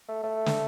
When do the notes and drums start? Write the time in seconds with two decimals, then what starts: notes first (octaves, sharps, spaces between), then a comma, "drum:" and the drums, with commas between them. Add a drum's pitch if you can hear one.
0.08 A3
0.23 A3
0.46 drum: snare